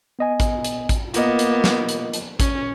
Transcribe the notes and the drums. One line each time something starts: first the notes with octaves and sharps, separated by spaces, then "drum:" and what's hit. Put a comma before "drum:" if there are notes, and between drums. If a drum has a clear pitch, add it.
B3 D#5 G#5
drum: kick A1, hi-hat
drum: hi-hat
drum: kick A1, hi-hat
A#3 B3 F4 A#4 D#5, drum: hi-hat
drum: hi-hat
drum: snare
drum: hi-hat
drum: hi-hat
C#4, drum: kick A1, hi-hat